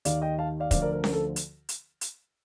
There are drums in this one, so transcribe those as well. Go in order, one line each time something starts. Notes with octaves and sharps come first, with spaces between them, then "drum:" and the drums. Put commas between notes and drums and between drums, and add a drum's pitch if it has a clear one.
D#2 D#3 D5 F5, drum: hi-hat
D#5 G5
F5 A5
D5 F5
D2 D3 F3 D5 F5, drum: kick, hi-hat
A#4 D5
A#4
A#4, drum: snare C#4
A4
drum: hi-hat
drum: hi-hat
drum: hi-hat